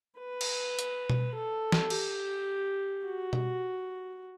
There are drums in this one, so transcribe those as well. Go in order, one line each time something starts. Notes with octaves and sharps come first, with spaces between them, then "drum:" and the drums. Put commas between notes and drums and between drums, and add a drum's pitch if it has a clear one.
B4
drum: cymbal
drum: hi-hat
drum: tom B2
A4
drum: snare
G4, drum: cymbal
F#4
drum: tom B2